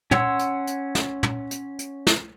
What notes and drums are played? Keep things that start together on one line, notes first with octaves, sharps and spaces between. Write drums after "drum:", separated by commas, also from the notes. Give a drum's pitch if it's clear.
C#4 C#5 F#5 C6 E6, drum: tom
drum: hi-hat
drum: hi-hat
drum: snare
drum: tom
drum: hi-hat
drum: hi-hat
drum: snare